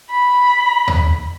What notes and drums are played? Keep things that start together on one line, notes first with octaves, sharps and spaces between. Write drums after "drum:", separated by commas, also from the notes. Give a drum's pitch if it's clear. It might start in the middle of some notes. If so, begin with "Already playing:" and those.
B5
drum: tom D#2